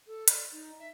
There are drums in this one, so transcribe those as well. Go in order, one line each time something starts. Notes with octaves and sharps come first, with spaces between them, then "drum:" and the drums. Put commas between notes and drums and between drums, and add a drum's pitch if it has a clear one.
A4
D5, drum: hi-hat
D#4
E5